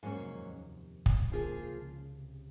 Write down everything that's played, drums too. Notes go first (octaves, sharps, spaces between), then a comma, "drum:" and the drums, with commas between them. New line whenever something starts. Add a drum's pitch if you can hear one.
F2 G#2 F3 F#3 A#3 C#4
C3
D#2 D#3
D#2 D#3
C3
drum: kick
C#2 C#3 F3 A#3 F4 G#4
C#2 C#3
C3
D#3
C#2 C#3
C#2 C#3
C3
C#3